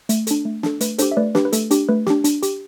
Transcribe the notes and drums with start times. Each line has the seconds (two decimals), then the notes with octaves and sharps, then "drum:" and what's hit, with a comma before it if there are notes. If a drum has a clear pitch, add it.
0.09 A3, drum: hi-hat
0.27 D4 A4, drum: hi-hat
0.45 A3
0.63 D4 A4, drum: snare
0.81 A3 B4, drum: hi-hat
0.98 D4 G4 A4 C5, drum: hi-hat
1.12 E5
1.17 A3 B4 D5
1.35 D4 G4 B4, drum: snare
1.45 B4
1.53 A3 A4, drum: hi-hat
1.71 D4 G4, drum: hi-hat
1.89 A3 B4
2.07 D4 G4, drum: snare
2.24 D4, drum: hi-hat
2.43 G4, drum: hi-hat